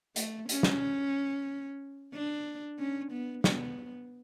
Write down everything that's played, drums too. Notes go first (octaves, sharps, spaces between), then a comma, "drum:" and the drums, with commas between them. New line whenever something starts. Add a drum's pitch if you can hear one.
A3, drum: hi-hat
C#4, drum: hi-hat
drum: snare
D4
C#4
B3
B3, drum: snare